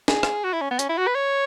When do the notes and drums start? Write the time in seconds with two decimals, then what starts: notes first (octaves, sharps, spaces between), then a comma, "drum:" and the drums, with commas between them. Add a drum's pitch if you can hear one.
0.08 G#4, drum: snare
0.23 drum: rim click
0.44 F#4
0.53 E4
0.61 C#4
0.71 B3
0.79 C#4, drum: hi-hat
0.89 E4
0.98 F#4
1.07 B4
1.15 C#5